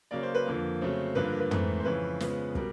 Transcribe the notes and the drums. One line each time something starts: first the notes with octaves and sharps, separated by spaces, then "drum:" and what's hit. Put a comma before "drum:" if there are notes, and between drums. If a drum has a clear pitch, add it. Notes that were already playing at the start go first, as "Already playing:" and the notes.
C#3 F#3 A#3 D5
C5
B4
F2 D3 F3 A#3
C#3 F#3 A3 C4
G2 D3 F3 A#3 B4
A#4
B4
G#2 E3 A3 C4, drum: tom
C5
F2 C#3 E3 B4
C#3 F3 G#3 B3, drum: snare
B2 G3 A#4, drum: kick